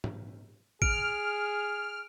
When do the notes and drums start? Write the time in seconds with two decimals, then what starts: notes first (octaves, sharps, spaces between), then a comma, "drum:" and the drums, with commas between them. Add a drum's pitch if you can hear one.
0.04 drum: tom G#2
0.82 G#4 F6 D7, drum: kick